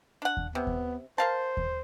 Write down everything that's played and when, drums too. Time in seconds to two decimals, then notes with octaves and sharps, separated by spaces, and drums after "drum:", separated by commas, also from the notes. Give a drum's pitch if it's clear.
0.22 D4 F#5
0.37 drum: kick D#2
0.55 C3 B3
0.67 drum: kick D#2
1.18 A#4 C5 F5 A5
1.57 drum: kick D#2